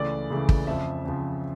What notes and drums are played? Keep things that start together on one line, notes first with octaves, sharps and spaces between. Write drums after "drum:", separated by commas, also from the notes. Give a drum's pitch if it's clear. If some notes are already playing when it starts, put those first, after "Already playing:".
Already playing: C#2 C#3 E3 A3 D5
C#2 C#3 E3 A3
drum: kick
F2 C#3 F3 E5
F2 C#3 F3